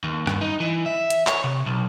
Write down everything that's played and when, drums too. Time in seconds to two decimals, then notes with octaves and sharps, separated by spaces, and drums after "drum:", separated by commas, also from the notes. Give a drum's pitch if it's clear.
0.04 D#2
0.27 G2, drum: rim click
0.41 D#4
0.60 E3
0.86 E5
1.10 drum: hi-hat
1.27 C#5, drum: clap
1.44 C3
1.66 B1